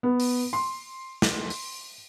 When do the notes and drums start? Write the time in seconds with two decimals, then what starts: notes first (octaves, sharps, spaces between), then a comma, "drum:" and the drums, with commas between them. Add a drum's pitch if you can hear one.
0.03 B3
0.20 drum: open hi-hat
0.53 C6
1.22 drum: snare
1.50 drum: open hi-hat